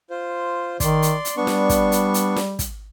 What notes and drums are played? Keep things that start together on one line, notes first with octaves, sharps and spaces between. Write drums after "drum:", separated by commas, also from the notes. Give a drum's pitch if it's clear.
F4 C5
D#3 D5 C6, drum: kick, hi-hat
drum: hi-hat
drum: hi-hat
G3 B3 D4 C#6
drum: snare
drum: kick, hi-hat
drum: hi-hat
drum: hi-hat
drum: snare
drum: kick, hi-hat